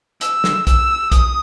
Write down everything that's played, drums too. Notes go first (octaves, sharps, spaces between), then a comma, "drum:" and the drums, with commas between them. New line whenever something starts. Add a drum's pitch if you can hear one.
E6, drum: hi-hat
drum: snare
E6, drum: kick, hi-hat
D#6, drum: kick, hi-hat